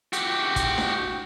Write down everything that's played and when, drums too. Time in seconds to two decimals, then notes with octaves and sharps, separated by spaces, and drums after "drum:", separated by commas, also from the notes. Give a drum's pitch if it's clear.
0.13 F#4 G4, drum: hi-hat
0.56 drum: kick, hi-hat
0.78 drum: snare D4